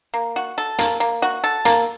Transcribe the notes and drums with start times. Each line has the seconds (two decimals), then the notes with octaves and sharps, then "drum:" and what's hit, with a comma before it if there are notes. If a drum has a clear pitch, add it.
0.14 A#3
0.36 F#4
0.58 A4
0.79 A#3, drum: hi-hat
1.00 A#3
1.22 F#4
1.44 A4
1.65 A#3, drum: hi-hat